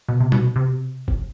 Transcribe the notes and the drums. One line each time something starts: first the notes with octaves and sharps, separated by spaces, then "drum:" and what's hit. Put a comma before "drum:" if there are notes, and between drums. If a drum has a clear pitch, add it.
B2
C3
B2, drum: tom
C3
drum: kick